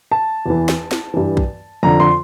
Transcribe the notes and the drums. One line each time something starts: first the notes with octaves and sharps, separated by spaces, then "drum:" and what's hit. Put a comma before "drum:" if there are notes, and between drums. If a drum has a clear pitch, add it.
A5
E2 E3
drum: snare
drum: snare
G2 E3
drum: kick A#1
F2 D3 A#5
C6